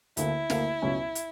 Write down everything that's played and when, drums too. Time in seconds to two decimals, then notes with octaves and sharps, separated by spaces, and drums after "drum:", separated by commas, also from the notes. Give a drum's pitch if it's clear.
0.17 D2 D3 A#3 E4, drum: hi-hat
0.50 D2 D3 A#3, drum: snare
0.82 C#2 B2 F#3 C#4
1.15 drum: hi-hat